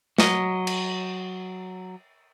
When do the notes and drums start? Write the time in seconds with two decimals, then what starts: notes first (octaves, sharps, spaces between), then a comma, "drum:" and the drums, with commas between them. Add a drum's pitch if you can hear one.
0.18 F#3 D#5, drum: snare
0.67 drum: cymbal